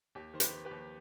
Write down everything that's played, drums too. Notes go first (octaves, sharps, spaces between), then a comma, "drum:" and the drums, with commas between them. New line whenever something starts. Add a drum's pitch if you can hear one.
D#2 G4
D#3 C5
G4 B4, drum: hi-hat
D#3
G4 B4
D#2